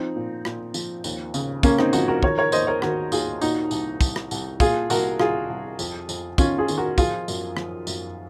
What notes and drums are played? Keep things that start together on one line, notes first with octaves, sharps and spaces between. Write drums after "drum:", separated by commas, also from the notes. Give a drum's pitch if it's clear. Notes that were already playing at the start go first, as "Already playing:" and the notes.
Already playing: F3 C4 D#4
A#2
A#2, drum: rim click
F3, drum: tambourine
D#2, drum: tambourine
C#3, drum: tambourine
C#3 A#3 C#4, drum: kick, tambourine
C4 D#4, drum: rim click
F3 D#4 F#4, drum: tambourine
F#4 A#4
D#3 A#4 C#5, drum: kick
A#4 C#5
D#2 C5 D#5, drum: tambourine
A#4 C#5
D#3 F#4 A#4, drum: rim click
D#2 F4 G#4, drum: tambourine
A#2 D#4 F#4, drum: tambourine
C2, drum: tambourine
C2, drum: kick, tambourine
drum: rim click
C2, drum: tambourine
A#2 F4 G#4, drum: kick, tambourine
C2 F#4 A#4, drum: tambourine
C2 F4 G#4, drum: rim click
C2
F2, drum: tambourine
F2, drum: tambourine
D#3 C#4 F4, drum: kick, tambourine
F4 G#4
D#3, drum: tambourine
F#4 A#4
F3 F4 G#4, drum: kick, tambourine
F#2, drum: tambourine
F3, drum: rim click
F#2, drum: tambourine